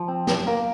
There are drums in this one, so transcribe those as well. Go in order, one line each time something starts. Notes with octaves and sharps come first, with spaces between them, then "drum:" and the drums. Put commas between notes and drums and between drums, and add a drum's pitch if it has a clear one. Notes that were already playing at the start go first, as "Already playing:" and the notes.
Already playing: F3
C4
F#2, drum: snare
A#3 A#4